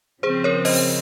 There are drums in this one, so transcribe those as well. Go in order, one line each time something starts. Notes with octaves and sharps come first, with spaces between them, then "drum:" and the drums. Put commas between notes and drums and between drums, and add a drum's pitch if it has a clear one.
C#3 F3 C4 G#4 C5
A#4 C#5
C5 D#5, drum: open hi-hat